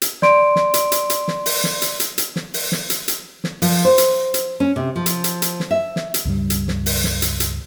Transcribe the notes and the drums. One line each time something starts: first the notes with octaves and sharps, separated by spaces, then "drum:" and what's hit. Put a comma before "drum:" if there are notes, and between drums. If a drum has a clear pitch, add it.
drum: hi-hat
D5 C6 D7, drum: snare
drum: snare
drum: hi-hat
drum: hi-hat
drum: hi-hat
drum: snare
drum: open hi-hat
drum: snare
drum: hi-hat
drum: hi-hat
drum: hi-hat
drum: snare
drum: open hi-hat
drum: snare
drum: hi-hat
drum: hi-hat
drum: snare
F3, drum: open hi-hat
C5
drum: hi-hat
drum: hi-hat
C#4
C3
F3
drum: hi-hat
drum: hi-hat
drum: hi-hat
drum: snare
E5
drum: snare
drum: hi-hat
C#2 G2 G3
drum: hi-hat
drum: snare
drum: open hi-hat
drum: snare
drum: hi-hat
drum: hi-hat